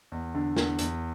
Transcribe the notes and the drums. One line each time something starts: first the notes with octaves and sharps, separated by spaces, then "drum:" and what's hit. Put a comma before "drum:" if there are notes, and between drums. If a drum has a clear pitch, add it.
E2
D3
E2, drum: snare
E2, drum: hi-hat